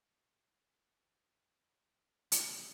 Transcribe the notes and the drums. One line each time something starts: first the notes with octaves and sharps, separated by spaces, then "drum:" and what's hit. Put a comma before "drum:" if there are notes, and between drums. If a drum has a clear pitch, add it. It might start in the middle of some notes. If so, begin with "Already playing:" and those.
C2 G3, drum: hi-hat